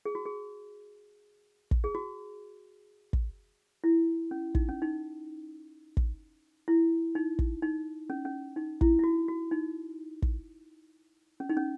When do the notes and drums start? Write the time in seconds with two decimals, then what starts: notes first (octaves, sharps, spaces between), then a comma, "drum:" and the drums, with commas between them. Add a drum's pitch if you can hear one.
0.05 G#4
0.15 F#4
0.25 G#4
1.71 drum: kick
1.84 G#4
1.95 F#4
3.13 drum: kick
3.84 E4
4.31 C#4
4.55 D#4, drum: kick
4.69 C#4
4.82 D#4
5.97 drum: kick
6.68 E4
7.15 D#4
7.39 drum: kick
7.62 D#4
8.10 C#4
8.25 C#4
8.56 D#4
8.81 E4, drum: kick
8.99 E4
9.04 F#4
9.28 F#4
9.51 D#4
10.22 drum: kick
11.40 C#4
11.49 D#4
11.57 C#4